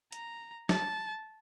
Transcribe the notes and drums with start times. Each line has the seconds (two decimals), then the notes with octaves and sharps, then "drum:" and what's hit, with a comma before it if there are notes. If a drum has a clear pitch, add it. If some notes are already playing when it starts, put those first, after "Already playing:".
0.12 A#5, drum: hi-hat
0.69 A5, drum: snare